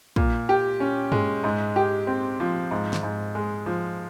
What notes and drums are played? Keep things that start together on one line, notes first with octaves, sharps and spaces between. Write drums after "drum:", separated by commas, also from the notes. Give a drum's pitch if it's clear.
A#2, drum: kick
G4
C#4
G#3, drum: tom G2
G#2
G4
C4
F3
G#2
drum: snare
G#2
G#3
F3